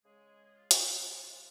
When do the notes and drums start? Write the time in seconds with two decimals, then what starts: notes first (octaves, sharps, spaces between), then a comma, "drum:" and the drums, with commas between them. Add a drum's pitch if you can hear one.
0.05 C#3 G#3 G#4
0.45 G#4
0.55 F4
0.71 drum: hi-hat
0.83 C#3 F3 G#3 F#4
0.96 F4
1.10 F4
1.24 F4